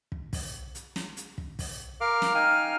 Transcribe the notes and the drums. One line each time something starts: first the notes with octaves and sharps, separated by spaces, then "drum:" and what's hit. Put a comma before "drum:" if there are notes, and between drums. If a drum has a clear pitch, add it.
drum: kick
drum: kick, open hi-hat
drum: hi-hat
drum: snare
drum: hi-hat
drum: kick
drum: kick, open hi-hat
A#4 F5 D6 F6
drum: snare
D#4 F5 G5 G#5 F6